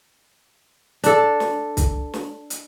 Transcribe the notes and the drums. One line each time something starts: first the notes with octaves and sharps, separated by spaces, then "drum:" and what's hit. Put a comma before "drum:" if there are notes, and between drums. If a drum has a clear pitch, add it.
D4 A4, drum: hi-hat
drum: snare
drum: kick C2, hi-hat
drum: snare
drum: hi-hat